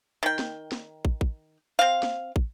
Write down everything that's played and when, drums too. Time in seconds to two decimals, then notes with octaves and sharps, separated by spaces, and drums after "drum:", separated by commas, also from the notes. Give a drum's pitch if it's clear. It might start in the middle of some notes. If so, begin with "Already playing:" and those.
0.23 D#3 G5
0.39 drum: snare
0.72 drum: snare
1.05 drum: kick
1.21 drum: kick
1.79 C4 F5
2.03 drum: snare
2.36 drum: kick